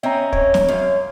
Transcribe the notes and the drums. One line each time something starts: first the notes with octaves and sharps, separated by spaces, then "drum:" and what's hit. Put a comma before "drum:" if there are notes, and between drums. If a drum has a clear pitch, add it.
C4 C#4 D#5 E5 A#5
C#5, drum: kick
drum: snare
F#2 F5